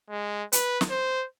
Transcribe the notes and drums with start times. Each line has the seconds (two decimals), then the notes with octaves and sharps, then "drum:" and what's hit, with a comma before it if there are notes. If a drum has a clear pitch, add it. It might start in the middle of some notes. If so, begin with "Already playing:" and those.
0.10 G#3
0.52 B4, drum: hi-hat
0.81 drum: snare
0.90 C5